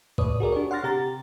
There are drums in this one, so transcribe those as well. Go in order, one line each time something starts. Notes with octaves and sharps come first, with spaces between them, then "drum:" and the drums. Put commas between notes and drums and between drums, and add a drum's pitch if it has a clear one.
C#2 A2 B4 C#5 D5 D#6, drum: kick C2
F#4 G#4 A#4 D5
D4 G4 C#5
F#5 C6 F6 A6 A#6
C3 G4 A#5 A6